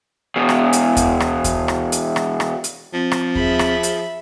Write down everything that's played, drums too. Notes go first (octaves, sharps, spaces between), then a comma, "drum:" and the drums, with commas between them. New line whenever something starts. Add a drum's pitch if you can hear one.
E2 B2
drum: rim click
drum: hi-hat
drum: kick D#2, hi-hat
drum: rim click
drum: kick D#2, hi-hat
drum: rim click
drum: hi-hat
drum: rim click
drum: rim click
drum: hi-hat
F3 C4
drum: rim click
G#4 E5 B5, drum: kick D#2
drum: rim click
drum: hi-hat